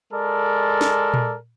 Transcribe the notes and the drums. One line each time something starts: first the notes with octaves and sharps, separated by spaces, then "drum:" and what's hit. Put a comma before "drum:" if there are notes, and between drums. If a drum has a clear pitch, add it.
G#3 A4 A#4 D5
drum: snare
drum: tom A#2